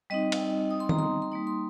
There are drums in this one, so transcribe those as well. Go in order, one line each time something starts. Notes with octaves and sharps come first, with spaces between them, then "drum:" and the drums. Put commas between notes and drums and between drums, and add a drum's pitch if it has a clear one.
G3 C4 D#4 D#5
drum: cymbal
D#6
C6
A#5, drum: tom D#3
C6
C6
G3 A#3 D#4 D#6
C6